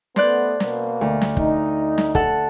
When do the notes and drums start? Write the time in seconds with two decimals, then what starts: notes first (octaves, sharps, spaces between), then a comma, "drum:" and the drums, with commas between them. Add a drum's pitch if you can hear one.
0.16 A3 B3 C5 D5 F#6, drum: snare
0.60 B2 A#3, drum: snare
1.01 D2
1.21 drum: snare
1.37 D#4, drum: kick
1.98 drum: snare
2.15 A4 F#5, drum: kick